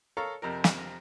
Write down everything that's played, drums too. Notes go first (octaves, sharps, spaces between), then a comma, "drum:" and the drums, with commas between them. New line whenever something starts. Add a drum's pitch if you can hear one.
A4 A#4 C#5 F5 A#5
F2 C3 A#4
drum: snare